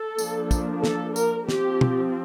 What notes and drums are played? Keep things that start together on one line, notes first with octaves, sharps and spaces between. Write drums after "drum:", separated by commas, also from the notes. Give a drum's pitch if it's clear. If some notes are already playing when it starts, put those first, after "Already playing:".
Already playing: A4
F3 A#3 D4, drum: tambourine
drum: kick, tambourine
A4, drum: snare
A#4, drum: tambourine
F3 C4 G4, drum: snare
drum: tom